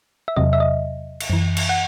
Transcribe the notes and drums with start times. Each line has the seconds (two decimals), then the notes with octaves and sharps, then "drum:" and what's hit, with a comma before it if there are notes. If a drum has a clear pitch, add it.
0.28 E5
0.36 E2 C3 F#3 D#5
0.53 E5
0.60 D#5
1.20 drum: cymbal
1.30 F#2 E3
1.57 drum: cymbal
1.69 F#5